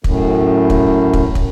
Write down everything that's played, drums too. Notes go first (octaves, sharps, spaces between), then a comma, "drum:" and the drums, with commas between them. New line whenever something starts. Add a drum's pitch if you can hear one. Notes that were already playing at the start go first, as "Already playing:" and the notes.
F#2 A2, drum: kick
drum: kick
drum: kick
drum: kick